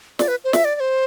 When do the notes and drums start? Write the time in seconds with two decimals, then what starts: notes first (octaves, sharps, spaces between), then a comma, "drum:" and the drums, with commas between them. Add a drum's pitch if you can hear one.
0.19 D5, drum: snare
0.28 B4
0.44 C5
0.53 E5, drum: snare
0.65 D5
0.76 D5
0.80 C5